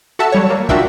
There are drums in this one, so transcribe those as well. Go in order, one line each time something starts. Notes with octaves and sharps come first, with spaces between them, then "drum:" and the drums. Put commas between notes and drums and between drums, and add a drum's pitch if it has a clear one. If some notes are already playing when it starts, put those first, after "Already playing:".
F#4 A4 E5 A5
F#3 G3 C#5
A#3
D4 F4 F#4 A#4 E5 G5, drum: kick